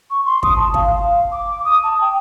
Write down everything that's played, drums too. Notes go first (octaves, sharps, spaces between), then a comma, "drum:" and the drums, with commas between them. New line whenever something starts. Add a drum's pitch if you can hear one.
C#6
C6
D#6, drum: kick
A5
F5, drum: kick
F5
D6
D#6
A5
G5